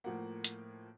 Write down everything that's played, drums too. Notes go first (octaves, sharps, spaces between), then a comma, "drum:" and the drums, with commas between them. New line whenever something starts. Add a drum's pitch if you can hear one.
A2 F3 A#3 F#5
drum: hi-hat